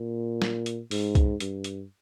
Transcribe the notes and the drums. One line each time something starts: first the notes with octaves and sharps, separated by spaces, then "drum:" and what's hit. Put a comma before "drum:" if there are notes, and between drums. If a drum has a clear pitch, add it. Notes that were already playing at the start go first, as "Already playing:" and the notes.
Already playing: A#2
drum: snare
drum: hi-hat
G#2, drum: open hi-hat
drum: kick C2, hi-hat
G2, drum: hi-hat
drum: hi-hat